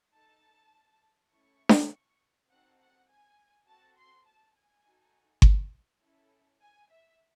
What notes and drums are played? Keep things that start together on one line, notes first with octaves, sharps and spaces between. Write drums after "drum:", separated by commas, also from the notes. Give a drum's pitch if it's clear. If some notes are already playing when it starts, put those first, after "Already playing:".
D#4 A4 A5
A3 C#4 E4 A4 C#6
drum: snare D4
C4 D#4 F#4 A4 F#5
F#5
G#5
C4 F#4 A4 A5
C6
A5
G#5
D#4 F#4 A4
drum: kick G1
C#4 E4 A4
G#5
E5